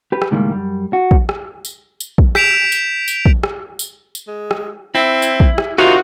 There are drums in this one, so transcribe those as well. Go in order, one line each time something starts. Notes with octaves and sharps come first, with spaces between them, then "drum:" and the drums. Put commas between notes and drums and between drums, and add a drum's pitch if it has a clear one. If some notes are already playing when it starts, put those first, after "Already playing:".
G4 B4
drum: rim click
C#2 A2 D#3 G3 G#3 A#3
F#2 G3
F#4
drum: kick
drum: rim click
drum: tambourine
drum: tambourine
drum: kick
G6 B6 D7 E7 F7, drum: rim click
drum: tambourine
drum: tambourine
drum: kick
drum: rim click
drum: tambourine
drum: tambourine
G#3
drum: rim click
C4 E4
drum: tambourine
drum: kick
drum: rim click
C3 D#4 F4 F#4 A#4